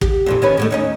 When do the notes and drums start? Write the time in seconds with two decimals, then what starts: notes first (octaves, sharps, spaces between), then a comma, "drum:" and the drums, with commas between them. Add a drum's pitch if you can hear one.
0.01 G4, drum: kick
0.26 F2 A#2 E3
0.42 D#3 C#4 B4
0.57 A2 G#3 A3
0.70 D#2 C#4 D#4